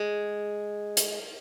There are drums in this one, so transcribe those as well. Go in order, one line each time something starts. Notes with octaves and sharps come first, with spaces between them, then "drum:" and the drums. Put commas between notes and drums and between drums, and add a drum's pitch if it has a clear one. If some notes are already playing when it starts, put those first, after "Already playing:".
Already playing: G#3
drum: hi-hat